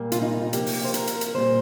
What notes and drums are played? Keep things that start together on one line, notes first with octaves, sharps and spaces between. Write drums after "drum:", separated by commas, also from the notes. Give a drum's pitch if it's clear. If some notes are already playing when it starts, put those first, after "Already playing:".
Already playing: A#2 G3 A#3
F4, drum: hi-hat
D#4
F4
D#4
C3 F3 A#3 G4, drum: hi-hat
drum: open hi-hat
C5
A#4, drum: hi-hat
drum: hi-hat
drum: hi-hat
A#2 G3 A#3 C5